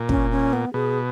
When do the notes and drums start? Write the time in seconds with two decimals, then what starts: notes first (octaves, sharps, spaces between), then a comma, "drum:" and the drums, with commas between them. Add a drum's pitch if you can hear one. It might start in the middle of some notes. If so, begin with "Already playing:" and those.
Already playing: A#2
0.09 C#4, drum: kick
0.31 C#4
0.53 B3
0.73 B2 G#4